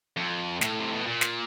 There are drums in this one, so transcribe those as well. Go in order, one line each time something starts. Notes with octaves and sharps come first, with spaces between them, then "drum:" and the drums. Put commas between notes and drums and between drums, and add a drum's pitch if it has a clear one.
F2
A2, drum: snare
C3
B2
A#2
drum: snare